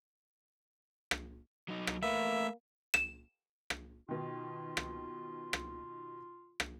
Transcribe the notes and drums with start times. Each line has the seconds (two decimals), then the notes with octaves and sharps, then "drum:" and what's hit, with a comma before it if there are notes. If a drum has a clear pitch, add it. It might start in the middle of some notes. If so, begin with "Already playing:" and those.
1.11 drum: rim click
1.68 F#3 D#4
1.87 drum: rim click
2.03 A3 A#3 B4 E5
2.94 E7, drum: rim click
3.70 drum: rim click
4.09 B2 D#3 F4
4.77 drum: rim click
5.53 drum: rim click
6.60 drum: rim click